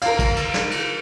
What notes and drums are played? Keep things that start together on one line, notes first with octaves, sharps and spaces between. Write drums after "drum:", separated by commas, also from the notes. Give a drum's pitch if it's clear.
A#4 F5, drum: cymbal
drum: kick, cymbal
drum: cymbal
drum: snare
drum: cymbal